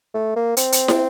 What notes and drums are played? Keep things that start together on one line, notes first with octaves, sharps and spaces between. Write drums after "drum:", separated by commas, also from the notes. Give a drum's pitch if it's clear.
A3
A#3
C4, drum: hi-hat
drum: hi-hat
drum: snare